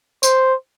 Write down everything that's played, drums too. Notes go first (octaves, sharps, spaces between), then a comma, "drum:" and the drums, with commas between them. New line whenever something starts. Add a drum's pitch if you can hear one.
C5, drum: tambourine